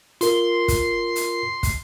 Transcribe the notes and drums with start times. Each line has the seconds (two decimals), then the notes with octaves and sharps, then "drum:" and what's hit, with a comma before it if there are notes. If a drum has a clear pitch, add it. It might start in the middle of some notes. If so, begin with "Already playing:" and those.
0.21 F4 A#4 C6, drum: hi-hat
0.68 drum: kick, hi-hat
1.16 drum: hi-hat
1.63 drum: kick, hi-hat